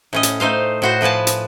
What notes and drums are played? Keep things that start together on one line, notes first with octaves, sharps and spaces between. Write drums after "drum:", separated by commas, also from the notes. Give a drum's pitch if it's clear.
A2 C#4 D#5
drum: hi-hat
A3 D#4 C5 F5
A2 F#4 C5
A2 F3 B4 G#5 A5
drum: hi-hat